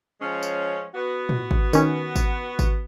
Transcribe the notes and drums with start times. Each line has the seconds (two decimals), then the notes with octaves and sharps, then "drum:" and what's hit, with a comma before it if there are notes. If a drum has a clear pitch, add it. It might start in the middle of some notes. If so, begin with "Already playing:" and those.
0.21 F3 G#3 C#4
0.43 drum: tambourine
0.95 B3 F#4
1.29 drum: tom A2
1.51 drum: kick G#1
1.73 D#3 C#4, drum: tambourine
2.16 drum: kick G#1, tambourine
2.59 drum: kick G#1, tambourine